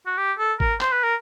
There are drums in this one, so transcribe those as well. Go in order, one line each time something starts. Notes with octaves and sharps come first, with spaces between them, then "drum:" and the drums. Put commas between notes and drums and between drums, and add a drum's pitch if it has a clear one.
F#4
G4
A4
A#4, drum: kick G#1
C5, drum: clap
B4
A#4